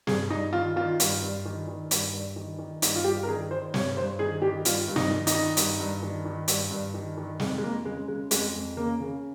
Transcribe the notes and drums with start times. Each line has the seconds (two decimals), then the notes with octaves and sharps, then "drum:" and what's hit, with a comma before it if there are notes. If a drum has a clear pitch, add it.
0.07 G2 G#4, drum: snare
0.30 G2 D#4
0.53 D#3 F4
0.76 D#3 F4
1.00 G2, drum: hi-hat
1.22 G2
1.45 D#3
1.68 D#3
1.91 G2, drum: hi-hat
2.13 G2
2.36 D#3
2.59 D#3
2.82 G2 D#4, drum: hi-hat
2.96 F4
3.04 G2 G4
3.23 A#4
3.27 D#3 G#4
3.51 D#3 C5
3.74 G2 C#5, drum: snare
3.97 G2 C5
4.19 D#3 G#4
4.42 D#3 G4
4.65 G2 F4, drum: hi-hat
4.88 G2
4.96 D#4, drum: snare
5.11 D#3
5.27 D#4, drum: hi-hat
5.34 D#3
5.57 G2, drum: hi-hat
5.79 G2
6.03 D#3
6.25 D#3
6.48 G2, drum: hi-hat
6.71 G2
6.94 D#3
7.17 D#3
7.40 F2 G#3, drum: snare
7.58 G#3
7.62 F2 A#3
7.85 C#3 G#3
8.08 C#3 G#3
8.31 F2 G#3, drum: hi-hat
8.55 F2
8.77 C#3 A#3
9.00 C#3